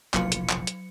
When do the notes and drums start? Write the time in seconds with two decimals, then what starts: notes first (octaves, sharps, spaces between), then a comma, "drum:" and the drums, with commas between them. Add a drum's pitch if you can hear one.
0.14 F1 A#1 B2 F#3 A#3 F4 C#7, drum: clap
0.32 drum: hi-hat
0.50 drum: clap
0.67 drum: hi-hat